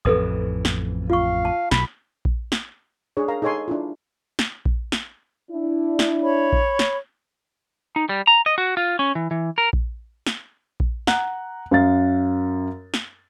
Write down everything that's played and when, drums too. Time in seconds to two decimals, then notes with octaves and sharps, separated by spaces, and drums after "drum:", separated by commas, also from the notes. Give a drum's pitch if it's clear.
0.05 A1 F2 E3 A4 B4 D#6
0.65 drum: snare
1.10 F4 F5 C#6
1.45 A5
1.71 B1 B5, drum: snare
2.25 drum: kick A#1
2.52 drum: snare
3.17 D4 G#4 C#5
3.28 A#4 F5 A#5
3.42 D#4 G#4 A4 C#5 G#5 C6
3.68 D4 E4 F4
4.39 drum: snare
4.66 drum: kick A#1
4.92 drum: snare
5.51 D4 E4
5.99 drum: snare
6.23 C#5 B5
6.53 drum: kick A#1
6.79 drum: snare
7.96 D#4
8.09 G3
8.27 A#5
8.46 D#5
8.58 F#4
8.77 F4
8.99 C#4
9.15 E3
9.31 E3
9.58 A#4
9.73 drum: kick A#1
10.27 drum: snare
10.80 drum: kick A#1
11.07 F#5 A#5 F#6, drum: snare
11.71 F#2 F5 A6
12.94 drum: snare